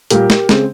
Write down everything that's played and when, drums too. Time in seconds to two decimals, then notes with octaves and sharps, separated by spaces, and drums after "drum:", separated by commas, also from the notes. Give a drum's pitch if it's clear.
0.10 A#2 G3 A#3 G4 A#4, drum: hi-hat
0.30 drum: snare
0.49 C#3 G#3 C4, drum: snare